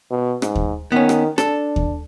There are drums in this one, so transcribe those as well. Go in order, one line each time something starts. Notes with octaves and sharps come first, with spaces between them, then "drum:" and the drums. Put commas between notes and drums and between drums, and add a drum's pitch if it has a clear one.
B2
G#2, drum: rim click
drum: kick D#2
D#3 B3 C#4
drum: rim click
D4 A4, drum: rim click
drum: kick D#2